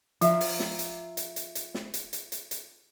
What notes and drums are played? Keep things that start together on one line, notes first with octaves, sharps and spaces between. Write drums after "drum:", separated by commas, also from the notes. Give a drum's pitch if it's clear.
F3 F4 E5 A#5, drum: hi-hat
drum: open hi-hat
drum: snare
drum: hi-hat
drum: hi-hat
drum: hi-hat
drum: hi-hat
drum: snare
drum: hi-hat
drum: hi-hat
drum: hi-hat
drum: hi-hat